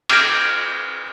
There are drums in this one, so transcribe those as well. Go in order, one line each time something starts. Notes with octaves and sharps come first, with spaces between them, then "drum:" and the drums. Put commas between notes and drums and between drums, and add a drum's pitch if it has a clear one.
D6 F6 G6 G#6 A#6 D7, drum: cymbal